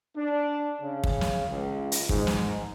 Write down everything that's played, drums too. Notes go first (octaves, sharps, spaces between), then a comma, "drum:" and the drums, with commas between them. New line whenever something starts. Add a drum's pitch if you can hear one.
D4
C#3
drum: kick
drum: snare
C#2
drum: hi-hat
G#2, drum: kick
drum: snare